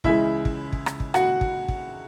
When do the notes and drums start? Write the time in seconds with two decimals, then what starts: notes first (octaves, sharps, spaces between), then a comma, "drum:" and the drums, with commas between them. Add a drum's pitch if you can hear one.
0.04 C#2 C#3 E3 G#3 E4 E5, drum: kick
0.45 drum: kick
0.73 drum: kick
0.86 drum: rim click
1.00 drum: kick
1.14 F#4 F#5, drum: rim click
1.41 drum: kick
1.68 drum: kick